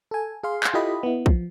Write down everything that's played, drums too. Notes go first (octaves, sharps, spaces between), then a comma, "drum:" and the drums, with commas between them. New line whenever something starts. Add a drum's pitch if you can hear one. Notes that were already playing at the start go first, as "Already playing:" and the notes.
A4 G#5
G#4 F5 C6
drum: clap
E4 F4 G4 A4 D#5 B5
B3 E4
F3, drum: kick